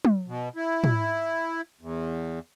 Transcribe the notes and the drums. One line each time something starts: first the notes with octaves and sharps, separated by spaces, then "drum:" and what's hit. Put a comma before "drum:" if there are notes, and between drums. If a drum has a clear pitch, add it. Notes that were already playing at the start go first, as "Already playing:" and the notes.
drum: tom
B2
E4
drum: tom
E2